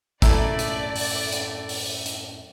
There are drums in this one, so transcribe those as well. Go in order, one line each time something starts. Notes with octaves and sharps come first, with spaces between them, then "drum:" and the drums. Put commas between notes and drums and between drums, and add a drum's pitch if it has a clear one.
F#2 A2 A3 E4 D5 A#5, drum: kick, hi-hat
drum: hi-hat
drum: open hi-hat
drum: hi-hat
drum: open hi-hat
drum: hi-hat